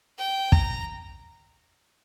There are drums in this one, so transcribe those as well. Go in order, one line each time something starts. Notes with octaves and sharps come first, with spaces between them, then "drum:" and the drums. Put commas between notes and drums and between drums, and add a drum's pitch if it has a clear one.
G5
A#5, drum: kick